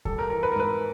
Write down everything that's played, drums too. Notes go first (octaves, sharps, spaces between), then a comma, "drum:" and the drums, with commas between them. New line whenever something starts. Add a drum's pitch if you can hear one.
G3 A4, drum: kick C#2
A#4
E3 A#4
B4
A#4
G#2 B4